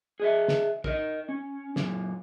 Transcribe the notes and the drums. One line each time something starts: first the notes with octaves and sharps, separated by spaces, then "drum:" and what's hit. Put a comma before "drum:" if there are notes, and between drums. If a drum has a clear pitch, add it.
G#4 D#5 E5
drum: snare
A#4 D#5, drum: kick
C#4
F#2 A#2, drum: snare